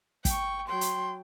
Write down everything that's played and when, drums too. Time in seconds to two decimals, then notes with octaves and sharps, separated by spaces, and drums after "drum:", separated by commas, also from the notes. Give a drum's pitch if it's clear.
0.25 G5 C#6, drum: kick, hi-hat
0.67 F#3 G5 C6
0.81 drum: hi-hat